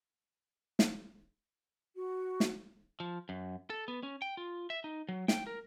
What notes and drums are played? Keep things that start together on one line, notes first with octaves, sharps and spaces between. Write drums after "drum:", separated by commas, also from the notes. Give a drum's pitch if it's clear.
drum: snare
F#4
drum: snare
F3
F#2
A4
B3
C#4
G5
F4
E5
D#4
F#3
G5, drum: snare
A#4